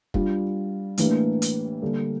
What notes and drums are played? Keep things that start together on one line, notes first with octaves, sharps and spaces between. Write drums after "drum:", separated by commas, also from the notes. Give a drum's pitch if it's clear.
G3 D4 F4, drum: kick
A2 E3 A#3 D4 G4, drum: hi-hat
drum: hi-hat
D3 G3 A#3 D4 A4